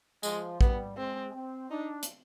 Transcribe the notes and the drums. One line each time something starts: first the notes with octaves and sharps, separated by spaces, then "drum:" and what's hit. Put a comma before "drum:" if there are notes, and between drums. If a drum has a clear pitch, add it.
F3 G#3, drum: tambourine
G3 B3, drum: kick
G#3 C4
C4
D4 D#4
drum: hi-hat